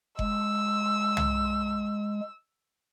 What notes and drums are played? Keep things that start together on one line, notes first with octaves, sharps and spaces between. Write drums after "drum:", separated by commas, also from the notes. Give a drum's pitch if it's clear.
G#3 E6, drum: kick F#1
drum: tom